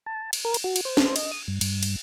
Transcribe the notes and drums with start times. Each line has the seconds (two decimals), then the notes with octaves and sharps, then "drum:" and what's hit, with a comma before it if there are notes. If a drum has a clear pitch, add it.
0.06 A5
0.33 drum: cymbal
0.45 A#4
0.54 drum: cymbal
0.64 F#4
0.76 drum: cymbal
0.85 C5
0.97 drum: snare
1.16 D#5, drum: cymbal
1.31 D#6
1.48 G2
1.61 G2, drum: cymbal
1.83 drum: cymbal